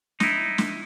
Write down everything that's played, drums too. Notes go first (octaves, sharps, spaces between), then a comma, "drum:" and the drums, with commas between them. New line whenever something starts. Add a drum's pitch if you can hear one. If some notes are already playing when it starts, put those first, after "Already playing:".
D#4 E4, drum: snare
drum: snare